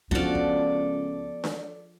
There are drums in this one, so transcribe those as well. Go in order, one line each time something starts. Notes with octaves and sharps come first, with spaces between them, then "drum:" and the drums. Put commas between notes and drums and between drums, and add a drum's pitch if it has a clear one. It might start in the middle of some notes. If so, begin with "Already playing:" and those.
C#2 F3 B3 D4 F#4 A4 D5
drum: kick
drum: snare D4